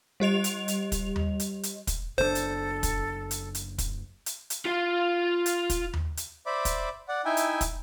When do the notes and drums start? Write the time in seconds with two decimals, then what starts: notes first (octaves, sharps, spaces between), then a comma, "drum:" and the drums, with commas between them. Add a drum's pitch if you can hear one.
0.20 G3 G4 D#5 F7
0.44 drum: hi-hat
0.68 drum: hi-hat
0.92 drum: kick, hi-hat
1.16 drum: tom D#2
1.40 drum: hi-hat
1.63 drum: hi-hat
1.87 drum: kick, hi-hat
2.18 F#1 A2 D4 A4 C5
2.35 drum: hi-hat
2.83 drum: kick, hi-hat
3.31 drum: hi-hat
3.55 drum: hi-hat
3.78 drum: kick, hi-hat
4.26 drum: hi-hat
4.50 drum: hi-hat
4.66 F4 F5
5.46 drum: hi-hat
5.70 drum: kick, hi-hat
5.93 drum: tom D#2
6.17 drum: hi-hat
6.46 C5 D5 E5 B5 D6
6.65 drum: kick, hi-hat
7.08 D5 F#5
7.25 D#4 E4 E5 G5 G#5
7.37 drum: hi-hat
7.61 drum: kick, hi-hat